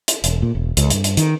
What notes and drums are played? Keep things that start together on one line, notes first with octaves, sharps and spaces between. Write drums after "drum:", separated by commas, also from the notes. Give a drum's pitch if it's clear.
drum: hi-hat
E1, drum: hi-hat
A#2
E1
C#2, drum: hi-hat
G2, drum: hi-hat
drum: hi-hat
D#3, drum: hi-hat